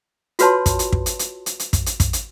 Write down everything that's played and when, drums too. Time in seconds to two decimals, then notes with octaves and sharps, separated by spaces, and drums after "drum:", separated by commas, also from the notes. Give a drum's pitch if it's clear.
0.39 F4 F#4 B4 C#5 A5 C6, drum: hi-hat
0.66 drum: kick, hi-hat
0.79 drum: hi-hat
0.92 drum: kick
1.06 drum: hi-hat
1.19 drum: hi-hat
1.46 drum: hi-hat
1.59 drum: hi-hat
1.73 drum: kick, hi-hat
1.86 drum: hi-hat
2.00 drum: kick, hi-hat
2.13 drum: hi-hat